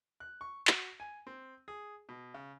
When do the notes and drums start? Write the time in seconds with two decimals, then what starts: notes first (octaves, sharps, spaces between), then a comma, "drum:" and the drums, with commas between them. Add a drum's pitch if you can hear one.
0.20 F#6
0.41 C#6
0.67 F#4, drum: clap
1.00 G#5
1.27 C4
1.68 G#4
2.09 B2
2.34 C#3